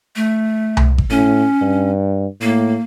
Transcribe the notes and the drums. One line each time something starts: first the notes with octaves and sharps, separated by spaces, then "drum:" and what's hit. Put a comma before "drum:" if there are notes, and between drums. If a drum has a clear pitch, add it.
A3
drum: tom C2
drum: kick G#1
A2 C#4
G2
A2 A#3